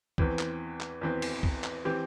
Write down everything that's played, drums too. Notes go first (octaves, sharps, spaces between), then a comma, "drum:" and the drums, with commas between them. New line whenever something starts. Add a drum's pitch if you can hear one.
E2 E3 C4, drum: kick
drum: clap
drum: clap
E2 E3 C4
drum: cymbal
drum: kick
drum: clap
E3 C4 G4